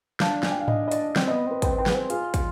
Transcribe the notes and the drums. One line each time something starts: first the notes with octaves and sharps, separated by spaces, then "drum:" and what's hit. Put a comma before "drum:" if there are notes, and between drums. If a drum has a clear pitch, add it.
D4 F5, drum: snare
G#5, drum: snare
G5
F5
D#5, drum: tom G#2
D#5
D5, drum: hi-hat
C4 D5, drum: snare
B3 D#5
C4 B4
C4 B4, drum: kick, hi-hat
C4 B4
B3 G#4, drum: snare
C4
F4 G#4, drum: hi-hat
drum: kick, hi-hat